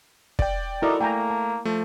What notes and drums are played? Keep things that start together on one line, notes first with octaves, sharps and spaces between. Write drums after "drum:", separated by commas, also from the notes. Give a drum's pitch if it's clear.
D5 G5, drum: kick
D#4 E4 F#4 A4 A#4 D5
A3 A#3 G5 G#5 A#5
A5
F3 A3